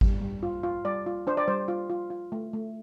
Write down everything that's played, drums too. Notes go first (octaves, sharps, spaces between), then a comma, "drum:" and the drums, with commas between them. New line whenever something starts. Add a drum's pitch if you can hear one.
G3, drum: kick G#1
G3
F4
F4
G3 D5
F4
D4 C5
D5
G3 C5
F4
F4
F4
A3
A3